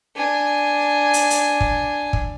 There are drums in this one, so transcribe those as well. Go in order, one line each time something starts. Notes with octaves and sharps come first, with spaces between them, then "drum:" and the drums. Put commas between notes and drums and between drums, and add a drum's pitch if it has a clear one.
D4 G#5
drum: hi-hat
drum: hi-hat
drum: kick
drum: kick